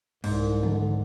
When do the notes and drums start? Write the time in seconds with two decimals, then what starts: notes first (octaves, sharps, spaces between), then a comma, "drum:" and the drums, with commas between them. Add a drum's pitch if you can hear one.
0.24 C2 G#2, drum: cymbal
0.63 D3, drum: tom